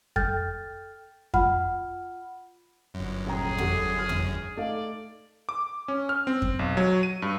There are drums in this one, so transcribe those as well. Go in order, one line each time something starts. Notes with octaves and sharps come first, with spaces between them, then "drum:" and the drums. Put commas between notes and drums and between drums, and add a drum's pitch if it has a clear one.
A4 G5 F6 G6 A6, drum: kick F2
F4 F#5 B5 F6, drum: kick F2
G1 F#2
D#1 G#4 G5 A#5
G4 A4 F#5, drum: tom
F6
drum: tom
A3 D#4 D5 F5
D6
C#4
F6
C4
drum: kick F2
B1
F#3
D#7
G2